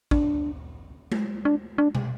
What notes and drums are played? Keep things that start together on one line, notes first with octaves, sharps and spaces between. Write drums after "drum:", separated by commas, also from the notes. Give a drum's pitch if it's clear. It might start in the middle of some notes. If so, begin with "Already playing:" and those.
D4, drum: kick
drum: tom G#3
D4
D4
drum: tom B2